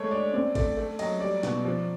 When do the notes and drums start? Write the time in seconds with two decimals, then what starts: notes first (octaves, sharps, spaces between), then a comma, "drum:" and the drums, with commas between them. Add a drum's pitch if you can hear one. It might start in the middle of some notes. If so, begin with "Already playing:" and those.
Already playing: G#3 A3 C#5
0.11 D4 D5
0.34 C4 D5
0.55 A3 D5, drum: kick, cymbal
0.77 A3
0.99 F#3 D#5, drum: cymbal
1.20 G3 D5
1.43 B2, drum: snare
1.65 F3